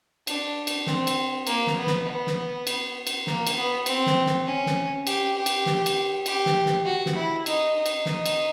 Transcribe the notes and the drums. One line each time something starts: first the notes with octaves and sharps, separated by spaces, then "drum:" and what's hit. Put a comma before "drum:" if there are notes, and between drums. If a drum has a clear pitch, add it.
D4, drum: cymbal
drum: cymbal
C4, drum: snare
drum: cymbal
A#3, drum: cymbal
drum: snare
B3
drum: snare
B3
drum: snare
drum: cymbal
drum: cymbal
A#3, drum: snare
drum: cymbal
B3
C4, drum: cymbal
drum: snare
drum: snare
C#4
drum: snare
G4, drum: cymbal
G4
drum: cymbal
drum: snare
drum: cymbal
G4, drum: cymbal
drum: snare
drum: snare
F#4
drum: snare
E4
D#4, drum: cymbal
D#4
drum: cymbal
D#4, drum: snare
drum: cymbal